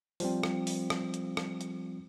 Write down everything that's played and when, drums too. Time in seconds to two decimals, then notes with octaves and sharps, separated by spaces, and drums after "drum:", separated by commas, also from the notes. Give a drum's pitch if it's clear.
0.20 F3 G3 C4, drum: open hi-hat
0.43 drum: rim click
0.67 drum: open hi-hat
0.90 drum: rim click
1.14 drum: hi-hat
1.37 drum: rim click
1.61 drum: hi-hat